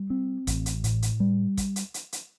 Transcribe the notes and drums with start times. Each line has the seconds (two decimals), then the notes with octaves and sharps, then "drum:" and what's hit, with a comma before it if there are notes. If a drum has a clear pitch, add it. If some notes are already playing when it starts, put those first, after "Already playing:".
Already playing: G3
0.10 C4
0.47 A1, drum: kick, hi-hat
0.66 drum: hi-hat
0.84 A2, drum: hi-hat
1.02 drum: hi-hat
1.20 G3
1.57 drum: kick, hi-hat
1.76 drum: hi-hat
1.94 drum: hi-hat
2.12 drum: hi-hat